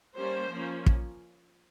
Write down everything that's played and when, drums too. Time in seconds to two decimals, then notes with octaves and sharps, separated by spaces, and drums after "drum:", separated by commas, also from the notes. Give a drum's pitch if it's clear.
0.15 G3 A#3 C#4 C5
0.51 F3 A#3 C#4
0.86 drum: kick